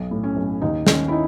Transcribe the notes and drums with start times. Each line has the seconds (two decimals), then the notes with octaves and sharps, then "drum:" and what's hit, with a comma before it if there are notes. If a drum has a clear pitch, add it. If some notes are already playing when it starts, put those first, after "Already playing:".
Already playing: B1
0.11 A2
0.24 C#4
0.37 B1
0.61 D#2 D#4
0.87 D#3 C#4, drum: snare
1.08 E4
1.12 D#4